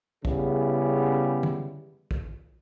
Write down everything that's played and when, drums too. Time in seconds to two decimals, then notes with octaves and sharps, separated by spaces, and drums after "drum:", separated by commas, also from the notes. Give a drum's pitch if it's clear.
0.25 C#3 G3 B3 E4 G#4, drum: kick
1.43 drum: tom D3
2.11 drum: kick